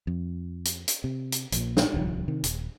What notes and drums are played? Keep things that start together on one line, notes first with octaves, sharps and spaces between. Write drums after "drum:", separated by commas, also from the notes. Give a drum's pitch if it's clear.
F2
drum: hi-hat
drum: hi-hat
C3
drum: hi-hat
A#1 A#2, drum: hi-hat
drum: snare
D1 C2 D3 F3
C3 D#3
D#1, drum: hi-hat